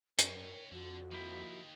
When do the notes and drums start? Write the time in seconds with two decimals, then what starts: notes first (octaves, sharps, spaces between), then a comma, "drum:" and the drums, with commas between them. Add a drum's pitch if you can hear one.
0.19 F#2 A#4 C#5 G5, drum: hi-hat
0.72 F2 D3 F#4
1.12 F3 A#3 D#4 E4 G4